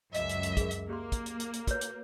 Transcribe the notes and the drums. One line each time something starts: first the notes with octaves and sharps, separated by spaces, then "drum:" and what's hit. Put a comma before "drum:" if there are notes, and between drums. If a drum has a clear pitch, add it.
C#2 F#2 D#5 E5, drum: hi-hat
drum: hi-hat
drum: hi-hat
G#4 A#4, drum: kick, hi-hat
drum: hi-hat
A#3 G4 C6
drum: kick, hi-hat
drum: hi-hat
drum: hi-hat
drum: hi-hat
F#4 B4 C#5, drum: kick, hi-hat
drum: hi-hat